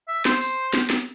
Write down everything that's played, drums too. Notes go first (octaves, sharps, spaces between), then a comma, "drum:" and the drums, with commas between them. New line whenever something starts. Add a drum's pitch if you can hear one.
E5
C5, drum: snare
drum: tambourine
drum: snare
drum: snare